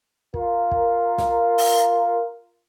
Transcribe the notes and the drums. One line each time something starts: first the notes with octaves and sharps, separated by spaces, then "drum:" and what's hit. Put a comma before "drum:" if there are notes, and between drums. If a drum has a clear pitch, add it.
F4 A#4, drum: kick
drum: kick
drum: snare
drum: open hi-hat